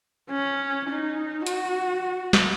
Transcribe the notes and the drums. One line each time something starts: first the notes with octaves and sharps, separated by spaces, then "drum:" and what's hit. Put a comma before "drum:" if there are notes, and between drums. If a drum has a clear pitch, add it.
C#4
D#4
F#4, drum: hi-hat
drum: snare